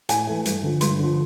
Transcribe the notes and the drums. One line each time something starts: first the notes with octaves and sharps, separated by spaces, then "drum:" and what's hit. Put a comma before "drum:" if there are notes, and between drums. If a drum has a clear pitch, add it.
A2 G#5, drum: hi-hat
E3 A3
G2, drum: hi-hat
D3 F3
G2 C6, drum: hi-hat
D3 F3